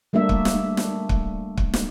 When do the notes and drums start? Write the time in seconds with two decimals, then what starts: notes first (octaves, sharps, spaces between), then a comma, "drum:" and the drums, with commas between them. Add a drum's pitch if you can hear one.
0.13 G3 A3 A#3 D4 E5
0.29 drum: kick
0.45 drum: snare
0.77 drum: snare
1.09 drum: kick
1.57 drum: kick
1.74 drum: snare